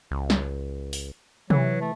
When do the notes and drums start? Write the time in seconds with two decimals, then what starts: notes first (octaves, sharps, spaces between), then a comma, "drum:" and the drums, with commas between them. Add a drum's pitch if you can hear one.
0.11 C#2
0.30 drum: snare
0.93 drum: open hi-hat
1.50 E3 F#3, drum: tom C3
1.81 A3